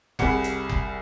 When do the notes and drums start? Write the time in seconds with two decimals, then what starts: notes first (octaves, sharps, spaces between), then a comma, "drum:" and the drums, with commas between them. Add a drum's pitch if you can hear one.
0.19 C2 G3 G#4 F#5 C#7, drum: kick F#1
0.44 drum: hi-hat
0.69 drum: kick F#1